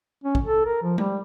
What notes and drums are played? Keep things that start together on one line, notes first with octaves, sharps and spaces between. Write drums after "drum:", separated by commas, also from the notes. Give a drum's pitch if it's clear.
C#4
drum: kick
A4
A#4
F3
G3, drum: tom G#3